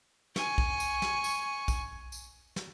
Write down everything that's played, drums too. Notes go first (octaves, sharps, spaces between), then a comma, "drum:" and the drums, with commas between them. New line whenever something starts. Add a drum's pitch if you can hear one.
G#5 C#6, drum: snare
drum: kick
drum: tambourine
drum: snare
drum: tambourine
drum: kick, tambourine
drum: tambourine
drum: snare